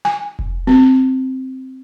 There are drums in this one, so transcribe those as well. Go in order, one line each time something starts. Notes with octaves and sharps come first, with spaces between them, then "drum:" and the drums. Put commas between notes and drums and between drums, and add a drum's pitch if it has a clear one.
G#5
drum: kick F1
C4